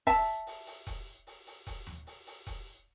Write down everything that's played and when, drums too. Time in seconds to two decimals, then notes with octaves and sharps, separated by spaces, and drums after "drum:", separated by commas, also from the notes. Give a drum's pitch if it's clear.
0.07 E5 A5, drum: kick E1, open hi-hat
0.47 drum: open hi-hat
0.67 drum: open hi-hat
0.87 drum: kick E1, open hi-hat
1.27 drum: open hi-hat
1.47 drum: open hi-hat
1.67 drum: kick E1, open hi-hat
1.87 drum: tom D#2
2.07 drum: open hi-hat
2.27 drum: open hi-hat
2.47 drum: kick E1, open hi-hat